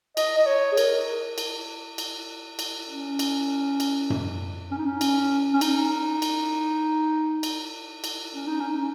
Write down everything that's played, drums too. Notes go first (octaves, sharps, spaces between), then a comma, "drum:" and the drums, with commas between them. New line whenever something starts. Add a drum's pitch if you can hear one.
D#5, drum: cymbal
D#5
C#5
G#4
A#4, drum: cymbal
drum: cymbal
drum: cymbal
drum: cymbal
C#4
drum: cymbal
drum: cymbal
drum: tom F#2
C#4
D#4
C#4
drum: cymbal
C#4
D#4, drum: cymbal
drum: cymbal
drum: cymbal
drum: cymbal
C#4
D#4
C#4
D#4